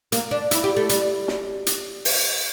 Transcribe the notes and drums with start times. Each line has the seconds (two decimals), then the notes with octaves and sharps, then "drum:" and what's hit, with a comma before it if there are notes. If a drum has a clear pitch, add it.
0.12 A#3, drum: hi-hat
0.31 D4
0.51 E4, drum: hi-hat
0.64 G4
0.77 A3
0.89 G3, drum: hi-hat
1.28 drum: snare
1.66 drum: hi-hat
2.05 drum: open hi-hat